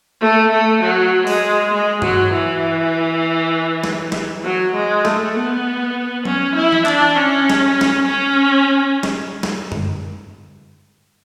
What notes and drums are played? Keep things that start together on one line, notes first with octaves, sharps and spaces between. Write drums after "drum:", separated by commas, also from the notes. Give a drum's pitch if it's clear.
A3
A3
F#3
G#3, drum: open hi-hat
G#3
F#3, drum: tom G2
E3
drum: snare
drum: snare
F#3
G#3
A3, drum: snare
B3
C#4, drum: tom F#3
E4
drum: tom E3
D4, drum: clap
C#4
drum: snare
drum: snare
C#4
drum: snare
drum: snare
drum: tom